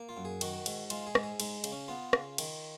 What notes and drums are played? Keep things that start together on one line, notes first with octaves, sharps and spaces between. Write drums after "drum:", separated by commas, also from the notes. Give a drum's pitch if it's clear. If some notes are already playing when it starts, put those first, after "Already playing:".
Already playing: A#3
F4
F#2
G#4
D#3 F#4, drum: cymbal
G#2, drum: cymbal
G#3 F4, drum: cymbal
G#4
G#2, drum: rim click
G#4
G#3 D#4, drum: cymbal
C#3, drum: cymbal
C#4
B3 F4
C#3, drum: rim click
D#3, drum: cymbal